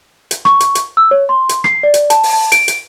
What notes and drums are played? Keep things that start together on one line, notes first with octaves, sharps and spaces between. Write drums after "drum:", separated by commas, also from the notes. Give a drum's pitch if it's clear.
drum: hi-hat
C#6, drum: rim click
drum: hi-hat
drum: hi-hat
E6
C#5
C6
drum: hi-hat
C7, drum: rim click
D5
drum: hi-hat
A5, drum: hi-hat
drum: open hi-hat
A5
D7, drum: hi-hat
drum: hi-hat